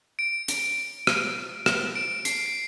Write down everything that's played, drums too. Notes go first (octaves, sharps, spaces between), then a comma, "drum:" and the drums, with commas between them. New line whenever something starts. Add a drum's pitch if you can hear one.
D7
drum: hi-hat
drum: rim click
drum: rim click
D7
C7, drum: hi-hat
C7